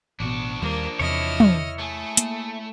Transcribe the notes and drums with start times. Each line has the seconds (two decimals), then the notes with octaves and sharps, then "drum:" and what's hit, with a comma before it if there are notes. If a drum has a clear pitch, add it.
0.20 A1 B2 D4 F#4
0.62 D#2 D#3 F3 G3 A#3 D4
0.99 E2 C3 E4 C#5 D#5 F6
1.40 drum: tom
1.79 A3 G#4
2.17 A#3, drum: hi-hat